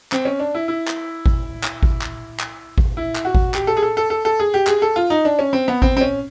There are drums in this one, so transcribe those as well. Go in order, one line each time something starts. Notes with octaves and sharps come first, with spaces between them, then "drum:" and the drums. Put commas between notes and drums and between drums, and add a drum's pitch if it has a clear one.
C4, drum: clap
C#4
D4
E4
E4
drum: clap
drum: kick G#1
drum: clap
drum: kick G#1
drum: clap
drum: clap
drum: kick G#1
E4
drum: clap
F#4
drum: kick G#1
G4, drum: clap
A4
G#4
A4
A4
A4
A4
G#4
G4
G#4, drum: clap
A4
F4
D#4
D4
C#4
C4
B3
C4, drum: kick G#1
C4
C#4